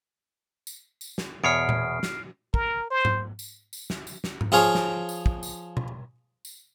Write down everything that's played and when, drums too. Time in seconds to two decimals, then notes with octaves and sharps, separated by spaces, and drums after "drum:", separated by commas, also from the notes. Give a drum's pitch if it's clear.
0.67 drum: tambourine
1.01 drum: tambourine
1.18 drum: snare
1.44 E2 B2 C#5 F6 C7 D7
1.69 drum: tom A#2
2.03 drum: snare
2.54 A#4, drum: kick
2.91 C5
3.05 drum: tom G#2
3.39 drum: tambourine
3.73 drum: tambourine
3.90 drum: snare
4.07 drum: tambourine
4.24 drum: snare
4.41 drum: tom G#2
4.52 F3 F4 G#4 C#5
4.75 drum: snare
5.09 drum: tambourine
5.26 drum: kick
5.43 drum: tambourine
5.77 drum: tom B2
6.45 drum: tambourine